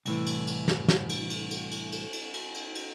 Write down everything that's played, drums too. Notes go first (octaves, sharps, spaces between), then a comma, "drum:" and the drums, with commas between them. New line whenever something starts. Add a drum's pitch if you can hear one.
C2 A2 E3, drum: cymbal
drum: cymbal
drum: cymbal
drum: snare
drum: snare
drum: cymbal
drum: cymbal
drum: cymbal
drum: cymbal
drum: cymbal
drum: cymbal
drum: cymbal
drum: cymbal
drum: cymbal